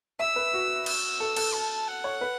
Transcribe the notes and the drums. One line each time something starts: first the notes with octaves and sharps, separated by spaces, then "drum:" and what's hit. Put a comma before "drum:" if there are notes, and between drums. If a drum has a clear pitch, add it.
E5 E6
B4
F#4
E6, drum: cymbal
A4
A4, drum: cymbal
A5
F#5
C#5
B4